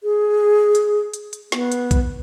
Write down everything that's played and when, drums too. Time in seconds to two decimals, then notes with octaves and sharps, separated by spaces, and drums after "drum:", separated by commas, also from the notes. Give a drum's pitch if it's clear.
0.03 G#4
0.75 drum: hi-hat
1.14 drum: hi-hat
1.33 drum: hi-hat
1.52 B3, drum: snare
1.72 drum: hi-hat
1.91 drum: kick B1, hi-hat